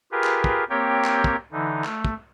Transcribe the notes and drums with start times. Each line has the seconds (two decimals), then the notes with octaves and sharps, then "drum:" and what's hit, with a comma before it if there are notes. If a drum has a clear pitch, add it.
0.12 F4 G4 G#4 A#4 B4
0.24 drum: clap
0.44 drum: kick
0.70 A#3 C4 G4 A#4 C#5 G5
1.04 drum: clap
1.24 drum: kick
1.52 D3 E3 D#4
1.85 A3, drum: clap
2.05 drum: kick